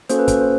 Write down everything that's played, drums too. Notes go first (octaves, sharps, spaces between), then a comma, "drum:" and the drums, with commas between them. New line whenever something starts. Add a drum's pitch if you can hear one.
A#3 C#4 F#4 A4 C5, drum: hi-hat
B4
C5, drum: kick, hi-hat
C5